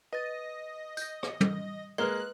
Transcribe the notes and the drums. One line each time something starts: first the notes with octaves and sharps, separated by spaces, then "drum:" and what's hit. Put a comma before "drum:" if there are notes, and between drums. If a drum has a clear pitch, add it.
B4 D#5 A6
G6 A#6, drum: tambourine
drum: rim click
drum: tom
G#3 A#3 B4 F6 F#6 G7